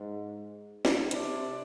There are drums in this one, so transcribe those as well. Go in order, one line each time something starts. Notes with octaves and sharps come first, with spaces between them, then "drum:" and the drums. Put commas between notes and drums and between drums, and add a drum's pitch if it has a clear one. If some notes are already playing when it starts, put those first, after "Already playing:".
Already playing: G#2
drum: snare
C3 D4, drum: hi-hat